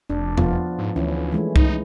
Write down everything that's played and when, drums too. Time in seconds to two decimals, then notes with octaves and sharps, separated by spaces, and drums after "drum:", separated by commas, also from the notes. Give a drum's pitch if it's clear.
0.10 F1 D4
0.38 F3 B3 F4, drum: tom E2
0.79 G#2
0.96 D2 E3 C#4 E4
1.32 E3 G#3 A3
1.56 D#4, drum: kick C2